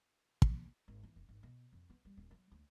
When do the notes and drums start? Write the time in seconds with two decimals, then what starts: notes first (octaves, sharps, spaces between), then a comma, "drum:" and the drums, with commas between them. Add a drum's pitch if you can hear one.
0.42 drum: kick
0.88 G#1
1.03 E3
1.16 F1
1.29 G#1
1.43 B2
1.73 F2
1.90 B3
2.05 G3
2.17 D#1
2.31 F#3
2.52 D2